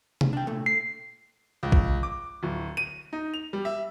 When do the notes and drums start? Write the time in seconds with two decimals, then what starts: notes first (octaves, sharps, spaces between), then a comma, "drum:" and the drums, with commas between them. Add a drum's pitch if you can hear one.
0.21 drum: tom C3
0.33 D4 G5
0.47 A#2 A3
0.66 C7
1.63 C#2
1.72 drum: kick
2.03 D6
2.43 D1
2.77 D#7
3.13 D#4
3.34 F7
3.53 G3
3.65 E5